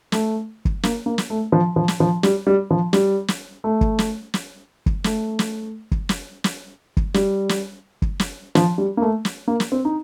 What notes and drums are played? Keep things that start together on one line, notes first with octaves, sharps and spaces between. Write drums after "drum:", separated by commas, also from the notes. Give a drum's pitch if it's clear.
A3, drum: snare
drum: kick
A#3, drum: snare
A#3
drum: snare
A3
F3
F3
drum: snare
F3
G3, drum: snare
G3
F3
G3, drum: snare
drum: snare
A3
drum: kick
drum: snare
drum: snare
drum: kick
A3, drum: snare
drum: snare
drum: kick
drum: snare
drum: snare
drum: kick
G3, drum: snare
drum: snare
drum: kick
drum: snare
F3, drum: snare
G3
A#3
A3
drum: snare
A#3
drum: snare
C4
D#4